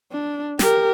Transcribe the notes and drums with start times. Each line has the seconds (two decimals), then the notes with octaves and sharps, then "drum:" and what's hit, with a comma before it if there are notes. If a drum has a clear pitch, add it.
0.12 D4
0.59 G4 A#4, drum: snare